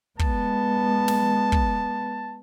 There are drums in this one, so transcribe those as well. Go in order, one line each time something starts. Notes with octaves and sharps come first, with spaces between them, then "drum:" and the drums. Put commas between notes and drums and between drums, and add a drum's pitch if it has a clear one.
G#3 B3 A5, drum: kick
drum: snare
drum: kick